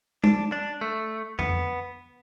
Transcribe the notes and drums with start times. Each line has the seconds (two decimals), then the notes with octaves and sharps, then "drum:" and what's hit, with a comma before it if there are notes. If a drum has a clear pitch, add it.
0.24 D4, drum: tom G#3
0.52 D4
0.81 A3
1.39 B3, drum: tom F2